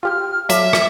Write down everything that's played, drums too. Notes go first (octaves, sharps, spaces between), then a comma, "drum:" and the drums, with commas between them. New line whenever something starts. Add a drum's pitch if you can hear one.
F4 G4 G5 F6
F#3 F4 A4 E5 D6, drum: hi-hat
drum: rim click